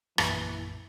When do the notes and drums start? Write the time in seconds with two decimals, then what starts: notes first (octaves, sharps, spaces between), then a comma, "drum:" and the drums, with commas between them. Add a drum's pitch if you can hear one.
0.18 A#1 F#2 E3 A#3, drum: rim click